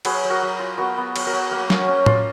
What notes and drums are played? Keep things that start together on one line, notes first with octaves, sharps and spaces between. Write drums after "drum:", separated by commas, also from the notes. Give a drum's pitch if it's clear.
F#3 G#4 B4, drum: cymbal
F#3
F#4 A#4
F#3
F4
B3 F#4 A#4
B3
F#3, drum: cymbal
F#4 A#4
F#3
A#3 F#4 A#4
C#4, drum: snare
C#4
F4, drum: tom A2